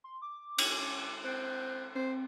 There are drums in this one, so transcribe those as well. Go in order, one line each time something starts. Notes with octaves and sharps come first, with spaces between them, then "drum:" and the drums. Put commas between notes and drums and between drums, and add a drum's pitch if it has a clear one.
C6
D6
C#4, drum: cymbal
C4 F#6
C4 C5